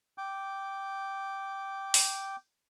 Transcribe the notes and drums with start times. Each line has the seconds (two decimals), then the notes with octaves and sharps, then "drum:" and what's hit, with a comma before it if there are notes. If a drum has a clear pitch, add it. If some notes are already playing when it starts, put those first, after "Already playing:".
0.18 G5 D6
1.94 drum: open hi-hat